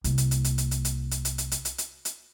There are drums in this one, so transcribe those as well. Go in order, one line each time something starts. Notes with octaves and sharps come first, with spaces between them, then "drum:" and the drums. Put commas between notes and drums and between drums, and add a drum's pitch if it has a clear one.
C2 A#3, drum: hi-hat
drum: hi-hat
drum: hi-hat
drum: hi-hat
drum: hi-hat
drum: hi-hat
drum: hi-hat
drum: hi-hat
drum: hi-hat
drum: hi-hat
drum: hi-hat
drum: hi-hat
drum: hi-hat
drum: hi-hat